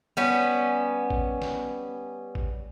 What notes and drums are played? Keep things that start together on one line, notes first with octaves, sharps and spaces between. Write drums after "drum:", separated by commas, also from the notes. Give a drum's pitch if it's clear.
G3 B3 C#4, drum: snare
drum: kick A1
drum: snare
drum: kick A1